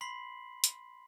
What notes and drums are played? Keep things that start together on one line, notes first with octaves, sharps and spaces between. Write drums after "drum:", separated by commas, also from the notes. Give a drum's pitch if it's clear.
B5 C6 B6 C7 F#7
drum: hi-hat